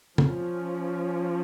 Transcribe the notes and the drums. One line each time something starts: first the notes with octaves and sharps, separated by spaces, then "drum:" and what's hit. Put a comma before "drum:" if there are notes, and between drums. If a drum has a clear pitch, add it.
F3 C#4, drum: tom